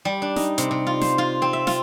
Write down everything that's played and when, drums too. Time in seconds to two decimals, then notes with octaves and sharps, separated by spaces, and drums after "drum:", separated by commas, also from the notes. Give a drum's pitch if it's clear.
0.05 G3
0.22 D4
0.36 D#4, drum: snare
0.58 C3, drum: hi-hat
0.71 C3
0.87 F4
1.01 C5, drum: snare
1.18 F4
1.42 C4
1.53 E5
1.67 F4, drum: snare